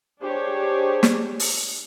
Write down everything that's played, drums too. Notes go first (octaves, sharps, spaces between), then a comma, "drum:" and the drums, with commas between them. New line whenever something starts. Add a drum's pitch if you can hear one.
D4 G4 G#4 C5 C#5
drum: snare
drum: open hi-hat